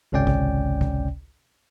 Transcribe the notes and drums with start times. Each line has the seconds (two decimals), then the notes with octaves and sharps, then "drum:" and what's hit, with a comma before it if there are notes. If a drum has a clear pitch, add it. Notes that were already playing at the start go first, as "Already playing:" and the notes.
0.12 G#1 C#2 C3 C#4 D5 G5
0.27 drum: kick
0.81 drum: kick